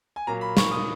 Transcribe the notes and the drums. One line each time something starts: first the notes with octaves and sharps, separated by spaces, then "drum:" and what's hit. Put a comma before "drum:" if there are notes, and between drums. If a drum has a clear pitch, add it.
G#5
A#2 F#3 A#3 A#5
B5
C#6, drum: snare
D#6